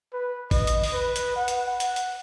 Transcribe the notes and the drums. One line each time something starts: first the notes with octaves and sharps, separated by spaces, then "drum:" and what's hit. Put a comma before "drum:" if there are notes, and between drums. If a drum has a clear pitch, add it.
B4
D#5, drum: kick A1, open hi-hat
drum: hi-hat
drum: open hi-hat
B4
drum: hi-hat
F#5
drum: hi-hat
F#5
drum: hi-hat
drum: hi-hat